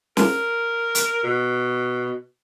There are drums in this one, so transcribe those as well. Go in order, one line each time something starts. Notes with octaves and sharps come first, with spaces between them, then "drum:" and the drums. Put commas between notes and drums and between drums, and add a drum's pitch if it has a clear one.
A#4, drum: snare
drum: hi-hat
B2